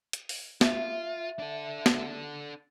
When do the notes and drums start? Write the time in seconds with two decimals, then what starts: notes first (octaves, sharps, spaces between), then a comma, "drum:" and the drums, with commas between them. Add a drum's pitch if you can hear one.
0.13 drum: hi-hat
0.29 drum: open hi-hat
0.61 F4 E5, drum: snare
1.39 D4 A4
1.86 drum: snare